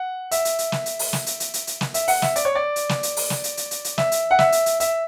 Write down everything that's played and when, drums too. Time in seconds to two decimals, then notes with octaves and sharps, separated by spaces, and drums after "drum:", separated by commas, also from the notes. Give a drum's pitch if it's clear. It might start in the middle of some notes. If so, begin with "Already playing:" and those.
Already playing: F#5
0.31 E5, drum: hi-hat
0.45 drum: hi-hat
0.59 drum: hi-hat
0.72 drum: snare
0.86 drum: hi-hat
0.99 drum: open hi-hat
1.13 drum: snare
1.26 drum: hi-hat
1.40 drum: hi-hat
1.54 drum: hi-hat
1.67 drum: hi-hat
1.81 drum: snare
1.94 E5, drum: hi-hat
2.08 F#5, drum: open hi-hat
2.22 E5, drum: snare
2.36 D5, drum: hi-hat
2.45 C#5
2.55 D5
2.76 drum: hi-hat
2.89 drum: snare
3.03 drum: hi-hat
3.17 drum: open hi-hat
3.30 drum: snare
3.44 drum: hi-hat
3.57 drum: hi-hat
3.71 drum: hi-hat
3.84 drum: hi-hat
3.98 E5, drum: snare
4.12 drum: hi-hat
4.31 F#5
4.39 E5, drum: snare
4.52 drum: hi-hat
4.66 drum: hi-hat
4.80 E5, drum: hi-hat